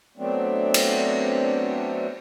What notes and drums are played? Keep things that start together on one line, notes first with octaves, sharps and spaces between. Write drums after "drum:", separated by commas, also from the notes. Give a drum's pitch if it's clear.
F#3 A3 B3 C4 D4
drum: cymbal